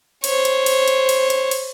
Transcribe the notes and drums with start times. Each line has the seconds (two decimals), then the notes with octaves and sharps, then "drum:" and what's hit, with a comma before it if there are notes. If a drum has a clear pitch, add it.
0.24 C5 C#5, drum: cymbal
0.45 drum: cymbal
0.66 drum: cymbal
0.88 drum: cymbal
1.09 drum: cymbal
1.30 drum: cymbal
1.51 drum: cymbal